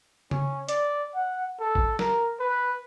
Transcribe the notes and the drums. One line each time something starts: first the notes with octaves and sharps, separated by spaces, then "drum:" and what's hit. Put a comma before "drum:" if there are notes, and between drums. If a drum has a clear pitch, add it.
C#4, drum: tom C#3
D5, drum: hi-hat
F#5
A4
drum: kick A1
A#4, drum: snare
B4